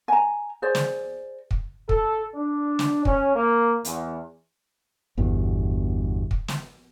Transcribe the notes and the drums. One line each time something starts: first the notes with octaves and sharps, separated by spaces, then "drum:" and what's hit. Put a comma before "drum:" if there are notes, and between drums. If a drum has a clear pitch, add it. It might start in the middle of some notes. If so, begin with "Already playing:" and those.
G#5 A#5
G#4 C5 D5
drum: snare
drum: kick
A4, drum: kick
D4
drum: snare
C#4, drum: kick
A#3
E2, drum: hi-hat
G1 E2 G2 B2
drum: kick
drum: snare